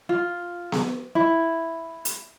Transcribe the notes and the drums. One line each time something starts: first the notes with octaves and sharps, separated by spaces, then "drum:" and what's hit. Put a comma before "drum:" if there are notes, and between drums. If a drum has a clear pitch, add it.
F4
drum: snare B3
E4
drum: hi-hat